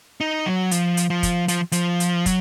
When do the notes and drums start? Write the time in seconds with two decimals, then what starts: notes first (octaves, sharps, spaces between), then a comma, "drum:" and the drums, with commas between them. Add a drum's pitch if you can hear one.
0.20 D#4
0.46 F#3
0.71 F3, drum: hi-hat
0.97 drum: hi-hat
1.10 F3
1.23 drum: kick, hi-hat
1.48 F3, drum: hi-hat
1.72 F3, drum: hi-hat
2.00 drum: hi-hat
2.26 F#3, drum: kick, hi-hat